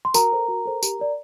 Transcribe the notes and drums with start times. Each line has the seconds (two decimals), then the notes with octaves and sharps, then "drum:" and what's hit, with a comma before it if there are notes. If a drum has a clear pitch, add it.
0.05 C6
0.14 F#4 A#4 A#5, drum: tambourine
0.32 A4 C5
0.48 F#4
0.66 A4 C5
0.83 G4, drum: tambourine
0.99 A#4 D5